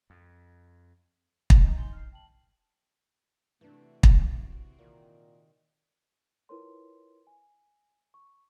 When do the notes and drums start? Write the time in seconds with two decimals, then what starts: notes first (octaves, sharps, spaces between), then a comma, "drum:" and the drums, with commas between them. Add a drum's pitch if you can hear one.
0.10 F2
1.50 drum: kick
1.60 D#4 A#5
1.76 G#5 C6 G7
1.93 F6 C7
2.12 G5 A5 F#7
3.61 C3 E3 A3 C4 D4 F#4
4.03 drum: kick
4.79 A#2 D#3
6.49 E4 F4 A#4 B4 C#5 C6
7.27 G#5
8.14 C#6